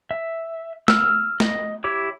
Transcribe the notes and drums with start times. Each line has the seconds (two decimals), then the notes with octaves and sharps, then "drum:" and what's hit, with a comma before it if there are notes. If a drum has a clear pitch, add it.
0.11 E5
0.88 E6 F6, drum: snare
1.40 D#5, drum: snare
1.84 E4 G4 C#5 D6